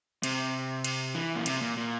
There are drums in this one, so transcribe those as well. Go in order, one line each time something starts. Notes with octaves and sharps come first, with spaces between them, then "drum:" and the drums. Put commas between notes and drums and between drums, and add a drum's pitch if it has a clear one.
C3, drum: cymbal
drum: cymbal
E3
A#2
C3, drum: cymbal
A#2
A#2